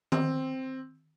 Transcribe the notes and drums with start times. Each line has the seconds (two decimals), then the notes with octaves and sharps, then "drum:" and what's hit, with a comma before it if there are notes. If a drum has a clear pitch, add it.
0.12 C4, drum: tom D#3